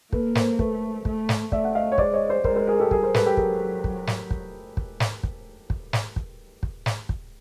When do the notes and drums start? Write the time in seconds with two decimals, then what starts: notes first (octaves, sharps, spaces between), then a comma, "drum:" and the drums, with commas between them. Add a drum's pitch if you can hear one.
0.13 A#3 A4 B4, drum: kick
0.35 A#4 C5, drum: snare
0.59 A3 A4 B4, drum: kick
1.05 A3, drum: kick
1.29 drum: snare
1.52 A3 D5 E5, drum: kick
1.64 F#5
1.75 D#5 F5
1.92 C#5
1.98 G#3 C5 D5, drum: kick
2.13 C#5 D#5
2.29 C5 D5
2.44 G#3 A#4 C5, drum: kick
2.56 A#4 C5
2.67 G#4 A#4
2.80 G4 A4
2.91 G3 G#4 A#4, drum: kick
3.03 A#4 C5
3.14 A4 B4, drum: snare
3.26 G4 A4
3.37 F#3 G#4 A#4, drum: kick
3.84 drum: kick
4.07 drum: snare
4.31 drum: kick
4.77 drum: kick
5.00 drum: snare
5.23 drum: kick
5.70 drum: kick
5.93 drum: snare
6.16 drum: kick
6.63 drum: kick
6.86 drum: snare
7.09 drum: kick